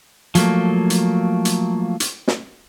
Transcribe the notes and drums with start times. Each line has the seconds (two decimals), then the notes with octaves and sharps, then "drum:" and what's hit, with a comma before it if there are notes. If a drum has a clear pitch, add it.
0.35 F3 F#3 A3 A#3, drum: hi-hat
0.90 drum: hi-hat
1.45 drum: hi-hat
2.00 drum: hi-hat
2.28 drum: snare